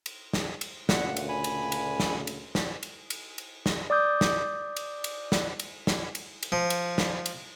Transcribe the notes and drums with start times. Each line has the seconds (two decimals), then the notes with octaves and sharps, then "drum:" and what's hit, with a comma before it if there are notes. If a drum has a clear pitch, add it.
0.06 drum: cymbal
0.33 drum: snare
0.61 drum: cymbal
0.89 D2 A#2 C#3 F#5, drum: snare
1.17 drum: cymbal
1.29 G#5 B5
1.44 drum: cymbal
1.72 drum: cymbal
2.00 drum: snare
2.27 drum: cymbal
2.55 drum: snare
2.83 drum: cymbal
3.10 drum: cymbal
3.38 drum: cymbal
3.66 drum: snare
3.90 D5 D6 D#6 G6
4.21 drum: snare
4.76 drum: cymbal
5.04 drum: cymbal
5.32 drum: snare
5.60 drum: cymbal
5.87 drum: snare
6.15 drum: cymbal
6.43 drum: cymbal
6.52 F3
6.70 drum: cymbal
6.98 drum: snare
7.26 drum: cymbal